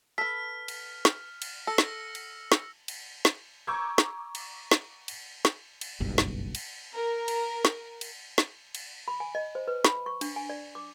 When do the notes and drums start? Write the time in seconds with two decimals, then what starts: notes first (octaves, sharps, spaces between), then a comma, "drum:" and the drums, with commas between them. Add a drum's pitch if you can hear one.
0.18 A4 B4 F6 B6
0.68 drum: cymbal
1.05 drum: snare
1.42 drum: cymbal
1.67 A4 E6 A#6 C#7
1.78 drum: snare
2.15 drum: cymbal
2.52 drum: snare
2.88 drum: cymbal
3.25 drum: snare
3.67 A#5 C#6 D6 E6 G6 G#6
3.98 drum: snare
4.35 drum: cymbal
4.71 drum: snare
5.08 drum: cymbal
5.45 drum: snare
5.81 drum: cymbal
6.00 F#1 B1 G2
6.18 drum: snare
6.55 drum: cymbal
6.95 A#4
7.28 drum: cymbal
7.65 drum: snare
8.01 drum: cymbal
8.38 drum: snare
8.75 drum: cymbal
9.08 B5
9.20 G#5
9.35 D#5
9.55 C5
9.68 B4
9.85 B5, drum: snare
10.06 C#6
10.21 D4, drum: cymbal
10.36 G#5
10.50 D5
10.75 D6